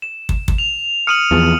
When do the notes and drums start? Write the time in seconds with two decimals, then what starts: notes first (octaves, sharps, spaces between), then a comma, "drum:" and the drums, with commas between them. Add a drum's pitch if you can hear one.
0.02 E7
0.29 drum: kick
0.48 drum: kick
0.58 F7
1.07 D#6 F6 C#7 D#7 F#7
1.31 E2 F3